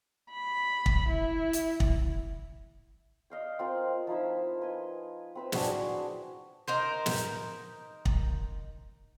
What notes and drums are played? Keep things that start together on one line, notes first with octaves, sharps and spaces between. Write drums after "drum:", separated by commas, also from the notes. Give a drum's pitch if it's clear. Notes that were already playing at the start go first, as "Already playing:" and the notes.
B5
drum: kick
E4
drum: hi-hat
drum: kick
D#5 F5 G5
C4 F4 A#4
F3 D#4 E4 E5
B4 D#5 G#5
C4 B4 E5
D4 E4 F#4 G#4, drum: snare
D#4 A#4 C5
drum: snare
drum: kick